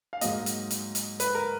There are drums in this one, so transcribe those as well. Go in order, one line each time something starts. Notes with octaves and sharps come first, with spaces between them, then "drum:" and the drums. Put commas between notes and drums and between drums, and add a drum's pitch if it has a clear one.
F5
G#2 F#3 A#3 D#5, drum: hi-hat
drum: hi-hat
drum: hi-hat
drum: hi-hat
B4, drum: hi-hat
A#4